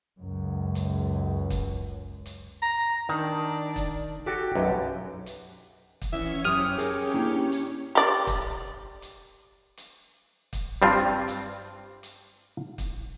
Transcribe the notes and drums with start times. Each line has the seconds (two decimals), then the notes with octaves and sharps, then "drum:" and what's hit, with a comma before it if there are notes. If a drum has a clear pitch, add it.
0.19 C#2 F#2
0.75 drum: hi-hat
1.50 drum: kick, hi-hat
2.26 drum: hi-hat
2.62 A#5
3.09 D#3 D4
3.76 drum: kick, hi-hat
4.26 F#4 G4 A4
4.55 B1 F#2
5.26 drum: hi-hat
6.02 drum: kick, hi-hat
6.13 E3 C#4 C#5 E5
6.45 F#2 G4 C5 D#6 F6
6.78 G#4 A#4 G#5, drum: hi-hat
7.14 A#3 D4 E4
7.52 drum: hi-hat
7.95 G4 D5
8.27 drum: kick, hi-hat
9.02 drum: hi-hat
9.77 drum: hi-hat
10.53 drum: kick, hi-hat
10.82 G2 G3 C4 D4 F4
11.28 drum: hi-hat
12.03 drum: hi-hat
12.78 drum: kick, hi-hat